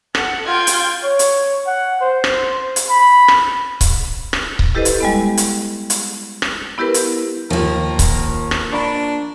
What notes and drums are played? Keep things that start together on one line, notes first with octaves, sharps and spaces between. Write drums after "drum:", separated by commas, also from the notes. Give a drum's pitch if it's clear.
A4 F#5, drum: rim click
F4 G5 G6 G#6
drum: hi-hat
C#5
drum: hi-hat
F#5
C5
drum: rim click
drum: hi-hat
B5
drum: rim click
drum: kick C#1, hi-hat
drum: rim click
drum: kick C#1
E4 G4 A4 B4 C5 D#5
drum: hi-hat
G3 G#3 B3
drum: hi-hat
drum: hi-hat
drum: rim click
B3 E4 G4 A#4 B4
drum: hi-hat
D#2 F3 A#3 F4 A#4
drum: kick C#1, hi-hat
drum: rim click
D4 A#5 B5 C#6